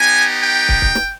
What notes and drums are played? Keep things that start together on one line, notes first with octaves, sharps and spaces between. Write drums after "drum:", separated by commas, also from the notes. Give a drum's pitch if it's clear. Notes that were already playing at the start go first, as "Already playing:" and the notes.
Already playing: B3 D#4 G4 G#5
G5
drum: kick
drum: kick
drum: snare